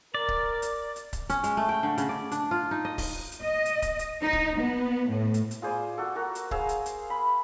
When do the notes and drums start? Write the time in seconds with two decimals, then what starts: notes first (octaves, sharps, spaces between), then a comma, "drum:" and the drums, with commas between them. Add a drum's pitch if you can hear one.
0.14 A#4 D5
0.28 drum: kick C#1
0.62 drum: hi-hat
0.96 drum: hi-hat
1.13 drum: kick C#1, hi-hat
1.30 C#4, drum: hi-hat
1.44 G#3, drum: hi-hat
1.57 A3
1.69 G5
1.83 D3
1.98 C#3, drum: hi-hat
2.09 D5
2.32 D4, drum: hi-hat
2.51 F4
2.71 D#4
2.85 D#5
2.98 D#5, drum: kick C#1, open hi-hat
3.32 drum: hi-hat
3.41 D#5
3.65 drum: hi-hat
3.82 drum: kick C#1, hi-hat
3.99 drum: hi-hat
4.23 D#4
4.33 drum: kick C#1
4.60 B3
5.08 A2
5.34 drum: hi-hat
5.51 drum: hi-hat
5.62 F4 G#4 C5 D5
5.98 F#4 A4
6.15 F#4 A#4
6.35 drum: hi-hat
6.51 G#4 C5 F5 E6, drum: kick C#1
6.69 drum: hi-hat
6.86 drum: hi-hat
7.10 B5